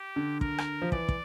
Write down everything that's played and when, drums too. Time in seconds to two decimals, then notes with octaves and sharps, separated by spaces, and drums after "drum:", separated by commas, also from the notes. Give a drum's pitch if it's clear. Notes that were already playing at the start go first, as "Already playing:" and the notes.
Already playing: G4
0.16 D3
0.41 A#4, drum: kick
0.58 drum: rim click
0.82 F3
0.92 E3 D5, drum: kick
1.09 drum: kick